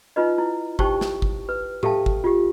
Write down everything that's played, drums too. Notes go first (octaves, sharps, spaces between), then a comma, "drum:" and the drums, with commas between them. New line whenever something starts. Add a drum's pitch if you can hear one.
D#4 F4 B4 D#5
E4
D#4 G4 C5 G5 A5 C#6, drum: kick
drum: snare
drum: kick
B4
G4 A4 E5 F5 G5 A5, drum: tom A2
drum: kick
F4 G4